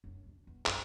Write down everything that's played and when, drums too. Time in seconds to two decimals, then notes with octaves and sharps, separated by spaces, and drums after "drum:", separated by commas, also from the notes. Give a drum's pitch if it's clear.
0.04 F#2 D4
0.26 F2 D3
0.47 E2
0.66 A#1 F#2, drum: clap